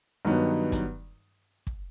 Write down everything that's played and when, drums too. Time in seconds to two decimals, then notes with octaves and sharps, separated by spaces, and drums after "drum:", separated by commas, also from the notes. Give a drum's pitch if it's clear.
0.25 G2 D#3 F#3 B3 D#4
0.72 drum: kick, hi-hat
1.67 drum: kick